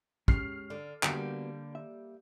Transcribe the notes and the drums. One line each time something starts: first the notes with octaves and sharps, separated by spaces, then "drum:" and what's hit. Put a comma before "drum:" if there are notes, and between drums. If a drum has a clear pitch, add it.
G#3 C#4 G4 F6 C7, drum: kick
D3
D3 G3 A#3 B3 F#4 G5 D7, drum: clap
E5